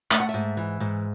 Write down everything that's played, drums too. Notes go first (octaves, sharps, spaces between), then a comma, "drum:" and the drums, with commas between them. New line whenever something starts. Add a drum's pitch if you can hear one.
A3 E5, drum: clap
F#5
E5, drum: tambourine
G#2
E3
G#2